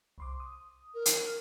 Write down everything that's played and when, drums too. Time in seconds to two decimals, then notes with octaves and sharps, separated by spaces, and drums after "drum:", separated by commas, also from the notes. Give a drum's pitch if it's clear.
0.18 C2 C6 D6
0.40 D#6
0.94 A#4
1.06 drum: hi-hat